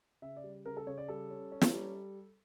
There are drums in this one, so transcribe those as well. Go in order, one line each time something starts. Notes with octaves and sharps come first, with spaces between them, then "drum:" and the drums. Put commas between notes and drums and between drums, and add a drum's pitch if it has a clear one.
C#3 E5
D5
G3
C#3 A#4
A4
C#3 C#5
D5
G3 A4
C#4
C#4
drum: snare
G3